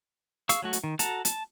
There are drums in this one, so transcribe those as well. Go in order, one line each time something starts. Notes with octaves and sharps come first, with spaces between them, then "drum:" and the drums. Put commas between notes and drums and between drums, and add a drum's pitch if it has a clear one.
G#4 F5 C#6 E6, drum: hi-hat
F#3 A3 F#4
drum: hi-hat
D#3
F#4 A4 A5 A#5, drum: hi-hat
A5, drum: hi-hat